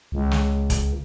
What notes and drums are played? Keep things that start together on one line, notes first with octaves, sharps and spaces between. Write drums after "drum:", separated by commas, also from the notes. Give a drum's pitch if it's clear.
C#2
drum: snare
drum: kick E1, hi-hat